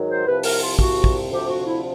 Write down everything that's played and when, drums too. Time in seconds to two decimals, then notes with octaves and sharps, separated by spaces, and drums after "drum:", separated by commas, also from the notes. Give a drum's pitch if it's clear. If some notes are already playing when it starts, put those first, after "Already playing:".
Already playing: G#2 D#3 F#3
0.09 C5
0.26 C2 C3 F3 B4
0.43 A#4, drum: open hi-hat
0.61 F4
0.79 F#4, drum: kick
1.04 drum: kick
1.30 D2 C3 F3 G4
1.48 F#4
1.65 E4